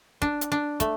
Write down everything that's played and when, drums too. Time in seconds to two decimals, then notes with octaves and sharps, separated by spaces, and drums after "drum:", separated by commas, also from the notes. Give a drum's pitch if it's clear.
0.22 D4, drum: kick
0.41 drum: hi-hat
0.52 D4
0.80 A3, drum: kick, hi-hat